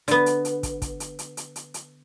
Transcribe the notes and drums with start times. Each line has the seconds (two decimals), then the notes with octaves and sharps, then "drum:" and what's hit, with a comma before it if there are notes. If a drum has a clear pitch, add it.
0.08 D3 B3, drum: hi-hat
0.26 drum: hi-hat
0.45 drum: hi-hat
0.63 drum: kick, hi-hat
0.82 drum: kick, hi-hat
1.00 drum: hi-hat
1.19 drum: hi-hat
1.37 drum: hi-hat
1.56 drum: hi-hat
1.74 drum: hi-hat